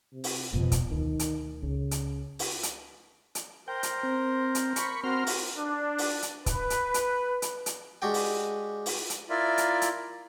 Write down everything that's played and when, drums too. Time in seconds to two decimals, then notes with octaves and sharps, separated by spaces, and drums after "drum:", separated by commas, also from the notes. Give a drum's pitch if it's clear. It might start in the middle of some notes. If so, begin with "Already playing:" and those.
0.13 C3
0.24 drum: open hi-hat
0.53 F2 B2 F3
0.72 drum: kick C#1, hi-hat
0.91 D2 B2 D#3
1.19 drum: hi-hat
1.62 C#2 C#3
1.91 drum: hi-hat
2.39 drum: open hi-hat
2.63 drum: hi-hat
3.35 drum: hi-hat
3.68 A#4 C5 G5
3.83 drum: hi-hat
4.03 C4
4.55 drum: hi-hat
4.76 B5 C#6, drum: hi-hat
5.04 C4 F#4 A#4 C6 F6
5.27 drum: open hi-hat
5.56 D4
5.98 drum: open hi-hat
6.22 drum: hi-hat
6.46 B4, drum: kick C#1, hi-hat
6.70 drum: hi-hat
6.94 drum: hi-hat
7.42 drum: hi-hat
7.66 drum: hi-hat
8.02 G#3 D4 F#4 G4 G5
8.14 drum: open hi-hat
8.86 drum: open hi-hat
9.10 drum: hi-hat
9.30 E4 F4 A#4 D5 E5 F5
9.58 drum: hi-hat
9.82 drum: hi-hat